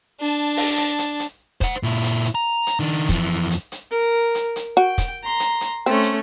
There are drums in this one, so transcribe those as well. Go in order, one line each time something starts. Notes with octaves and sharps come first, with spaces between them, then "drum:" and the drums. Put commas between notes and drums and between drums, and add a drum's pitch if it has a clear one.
D4 A5
drum: open hi-hat
drum: hi-hat
drum: hi-hat
drum: hi-hat
C5 F#5, drum: kick, hi-hat
A#2 E4
drum: hi-hat
drum: hi-hat
A#5
drum: hi-hat
D#3 D4
F2 E3, drum: kick, hi-hat
drum: hi-hat
drum: hi-hat
A#4
drum: hi-hat
drum: hi-hat
F#4 G5
drum: kick, hi-hat
A#5 C6
drum: hi-hat
drum: hi-hat
A3 C4 C#4
drum: hi-hat